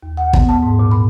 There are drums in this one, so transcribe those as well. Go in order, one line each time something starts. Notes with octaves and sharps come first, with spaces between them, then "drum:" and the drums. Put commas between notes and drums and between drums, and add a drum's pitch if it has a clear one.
D#2
F#5
B3, drum: kick
A5
G#2
A#2
B5